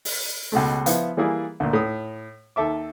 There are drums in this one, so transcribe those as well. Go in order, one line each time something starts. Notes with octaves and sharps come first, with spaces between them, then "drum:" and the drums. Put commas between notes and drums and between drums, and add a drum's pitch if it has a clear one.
drum: open hi-hat
C#2 B2 G#3 A3
F3 B3 E4 F4 E5, drum: hi-hat
E3 G3 A#3 E4 G#4 D5
D2 A#2
A2 D#6
D#2 A4 E5 D6